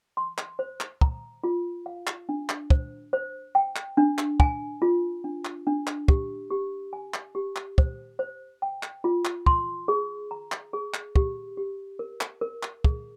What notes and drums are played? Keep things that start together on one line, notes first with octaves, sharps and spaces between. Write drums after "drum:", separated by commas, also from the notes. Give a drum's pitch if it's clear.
C6
drum: clap
C5
drum: clap
A#5, drum: kick
F4
F5
drum: clap
D4
drum: clap
C5, drum: kick
C5
G5
drum: clap
D4
drum: clap
G#5, drum: kick
F4
D4
drum: clap
D4
drum: clap
G4, drum: kick
G4
G#5
drum: clap
G4
drum: clap
C5, drum: kick
C5
G5
drum: clap
F4
drum: clap
C6, drum: kick
G#4
A#5
drum: clap
G#4
drum: clap
G4, drum: kick
G4
A#4
drum: clap
A#4
drum: clap
G#4, drum: kick